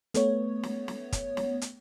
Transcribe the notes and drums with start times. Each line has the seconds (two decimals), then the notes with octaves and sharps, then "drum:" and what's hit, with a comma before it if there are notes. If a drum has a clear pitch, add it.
0.14 A3 B3 C#5, drum: hi-hat
0.63 drum: snare
0.88 drum: snare
1.12 drum: kick, hi-hat
1.37 drum: snare
1.62 drum: hi-hat